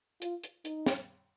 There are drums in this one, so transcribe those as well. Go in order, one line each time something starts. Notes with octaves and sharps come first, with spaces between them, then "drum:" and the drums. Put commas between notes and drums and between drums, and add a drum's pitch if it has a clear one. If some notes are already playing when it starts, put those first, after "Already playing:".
F4, drum: hi-hat
drum: hi-hat
D#4, drum: hi-hat
drum: snare